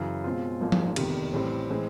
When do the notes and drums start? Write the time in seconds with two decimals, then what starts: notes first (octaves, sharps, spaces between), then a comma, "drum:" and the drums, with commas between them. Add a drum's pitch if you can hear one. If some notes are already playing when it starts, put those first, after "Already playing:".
Already playing: F#2 C#3 E3
0.24 B2 G#3 C4 F4
0.61 G#1 G#2 F3 A#3
0.72 drum: tom F3
0.96 F1 E2 C3 D#3 G3, drum: cymbal
1.32 A1 A2 E3 G3 C4
1.70 A2 E3 G#3 C4